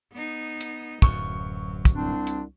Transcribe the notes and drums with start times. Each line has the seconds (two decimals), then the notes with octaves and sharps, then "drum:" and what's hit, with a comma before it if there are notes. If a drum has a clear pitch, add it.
0.12 B3 D#4
0.61 drum: hi-hat
1.02 D1 F#2 F#3 C#6, drum: kick, hi-hat
1.85 drum: kick, hi-hat
1.95 C2 C4 D4
2.27 drum: hi-hat